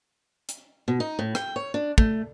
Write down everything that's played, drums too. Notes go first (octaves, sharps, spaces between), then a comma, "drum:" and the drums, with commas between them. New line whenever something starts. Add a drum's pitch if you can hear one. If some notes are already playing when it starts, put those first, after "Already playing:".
drum: hi-hat
B2
D#4
A2
G5, drum: rim click
C#5
D4
A3, drum: kick